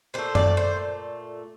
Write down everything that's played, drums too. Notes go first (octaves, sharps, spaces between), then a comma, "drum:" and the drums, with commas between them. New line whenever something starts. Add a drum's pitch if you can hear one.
A#2 A3 C5
D5, drum: tom F#2
C5